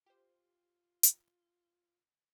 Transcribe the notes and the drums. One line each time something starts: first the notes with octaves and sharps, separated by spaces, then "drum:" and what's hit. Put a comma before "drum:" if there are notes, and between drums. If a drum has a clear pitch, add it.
F4 G4 C5
drum: hi-hat